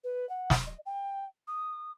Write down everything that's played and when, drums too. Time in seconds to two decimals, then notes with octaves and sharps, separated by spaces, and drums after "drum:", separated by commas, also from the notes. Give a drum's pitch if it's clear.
0.04 B4
0.29 F#5
0.50 drum: snare
0.67 D#5
0.86 G5
1.47 D#6